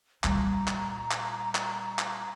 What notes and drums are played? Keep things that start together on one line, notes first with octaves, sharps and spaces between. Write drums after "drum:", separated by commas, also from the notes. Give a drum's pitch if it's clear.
A#2 G3 A#5, drum: clap
drum: clap
drum: clap
drum: clap
drum: clap